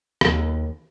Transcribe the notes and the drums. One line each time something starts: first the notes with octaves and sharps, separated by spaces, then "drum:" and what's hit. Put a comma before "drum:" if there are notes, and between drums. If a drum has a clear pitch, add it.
D#2, drum: rim click